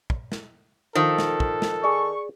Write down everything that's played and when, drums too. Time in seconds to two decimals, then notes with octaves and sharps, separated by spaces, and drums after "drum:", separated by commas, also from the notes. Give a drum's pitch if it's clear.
0.10 drum: kick
0.32 drum: snare
0.95 D#3 F3 A4
1.19 drum: snare
1.40 drum: kick
1.62 drum: snare
1.84 G#4 D5 C#6